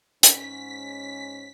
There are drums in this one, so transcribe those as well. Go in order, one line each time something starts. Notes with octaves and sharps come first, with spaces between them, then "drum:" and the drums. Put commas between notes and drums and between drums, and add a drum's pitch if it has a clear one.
G#2 C#4 B6, drum: hi-hat